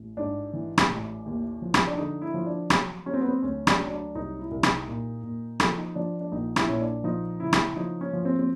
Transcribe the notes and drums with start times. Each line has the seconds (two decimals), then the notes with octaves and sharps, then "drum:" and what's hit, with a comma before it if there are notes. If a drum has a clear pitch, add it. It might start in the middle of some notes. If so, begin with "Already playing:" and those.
Already playing: A1
0.17 G#2 D4
0.53 E3
0.78 drum: rim click
0.90 A1
1.26 D#2
1.62 F3
1.74 drum: rim click
1.87 D4
1.98 D3 D#4
2.22 E4
2.34 F3
2.46 D4
2.70 F#3, drum: rim click
3.06 F#3 C#4
3.14 C4
3.21 B3
3.29 C4
3.43 D2 C#4
3.67 D4, drum: rim click
3.79 F#3 C#4
3.91 D4
4.15 C2 D#4
4.39 E4
4.51 C2
4.63 D#4, drum: rim click
4.88 A#2
5.23 A#2
5.60 F3 A4, drum: rim click
5.78 D#4
5.95 F3 D4
6.21 D4
6.32 A#1 D#4
6.56 E4, drum: rim click
6.68 A#2 C#4
6.81 D4
7.04 F3 D#4
7.40 C#3 E4
7.53 drum: rim click
7.76 F3 D#4
8.01 C#4
8.13 F3
8.25 C4
8.39 C4